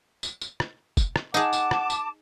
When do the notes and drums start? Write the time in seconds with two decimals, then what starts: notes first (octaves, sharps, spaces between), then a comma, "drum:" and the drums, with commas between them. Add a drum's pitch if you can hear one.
0.23 drum: tambourine
0.41 drum: tambourine
0.60 drum: rim click
0.97 drum: kick, tambourine
1.16 drum: rim click
1.34 D#4 G#4 F#5 A5 D6, drum: tambourine
1.53 drum: tambourine
1.71 drum: rim click
1.90 drum: tambourine